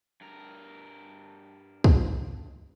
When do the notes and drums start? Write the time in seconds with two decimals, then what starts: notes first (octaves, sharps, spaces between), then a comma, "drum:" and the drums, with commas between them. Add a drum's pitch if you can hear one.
0.21 G2 A#4
1.84 drum: kick